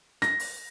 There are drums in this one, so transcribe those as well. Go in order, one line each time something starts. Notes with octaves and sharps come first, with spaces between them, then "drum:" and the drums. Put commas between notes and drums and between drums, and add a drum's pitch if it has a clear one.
A#6, drum: snare
drum: open hi-hat